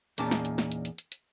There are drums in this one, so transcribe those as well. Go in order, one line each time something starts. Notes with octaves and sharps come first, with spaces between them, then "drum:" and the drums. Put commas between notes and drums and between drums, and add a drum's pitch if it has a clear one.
E2 A#2 A#3 C#4 D#4 A5, drum: hi-hat
drum: snare
drum: hi-hat
drum: snare
drum: hi-hat
drum: hi-hat
drum: hi-hat
drum: hi-hat